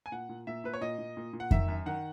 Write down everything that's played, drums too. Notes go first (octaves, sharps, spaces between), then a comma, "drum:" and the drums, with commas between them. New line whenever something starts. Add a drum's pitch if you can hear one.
G#5
A#2 F#5
A#2
A#2 E5
A#2 B4
C#5
A#2 D#5
A#2
A#2
A#2
F#5
D#3 E5, drum: kick F2
F#2
D#3 F#5